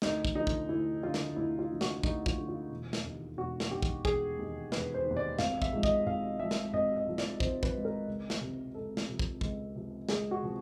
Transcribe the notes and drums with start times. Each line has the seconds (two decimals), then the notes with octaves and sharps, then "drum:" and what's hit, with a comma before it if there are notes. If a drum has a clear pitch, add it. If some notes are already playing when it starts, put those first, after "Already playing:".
0.02 D2 D#4, drum: snare
0.25 drum: kick
0.35 D3 F3 D#4
0.47 drum: kick
0.69 D2 E4
1.03 D3 F3 F4
1.14 drum: snare
1.36 D2 E4
1.59 F4
1.70 D3 F3
1.81 F#4, drum: snare
2.03 D2 D#4, drum: kick
2.26 F4, drum: kick
2.37 D3 F3
2.48 F4
2.71 E1
2.93 drum: snare
3.04 D#2 D#3
3.38 E1 F#4
3.60 drum: snare
3.71 D#2 D#3 G4
3.83 drum: kick
4.05 E1 G#4, drum: kick
4.39 D#2 D#3
4.72 E1 B4, drum: snare
4.94 C5
5.05 D#3
5.10 D#2
5.17 D5
5.39 G#1 F5, drum: snare
5.62 E5, drum: kick
5.73 G#2 F3
5.83 D#5, drum: kick
6.06 G#1 F5
6.40 G#2 F3 E5
6.51 drum: snare
6.73 G#1 D#5
6.96 D#5
7.07 G#2 F3
7.18 D5, drum: snare
7.40 G#1 C5, drum: kick
7.63 B4, drum: kick
7.74 G#2 F3
7.85 A#4
8.07 C#2
8.30 drum: snare
8.41 C3 F3
8.75 C#2 A4
8.97 drum: snare
9.09 C3 F3
9.19 drum: kick
9.41 C#2, drum: kick
9.75 C3 F3
10.09 C#2 G#4, drum: snare
10.31 F#4
10.43 C3 F3